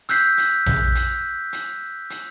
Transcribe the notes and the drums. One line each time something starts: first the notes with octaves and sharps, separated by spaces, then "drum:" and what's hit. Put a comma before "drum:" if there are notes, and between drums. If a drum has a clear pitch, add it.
E6 F#6 G6 B6 C7, drum: hi-hat
drum: hi-hat
drum: tom A#1
drum: hi-hat
drum: hi-hat
drum: hi-hat